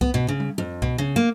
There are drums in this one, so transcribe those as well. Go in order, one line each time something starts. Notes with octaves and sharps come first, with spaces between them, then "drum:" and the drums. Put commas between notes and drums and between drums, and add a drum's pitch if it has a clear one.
B3, drum: kick C2
B2
C#3
drum: tom G3
F2
B2, drum: kick C2
C#3
A#3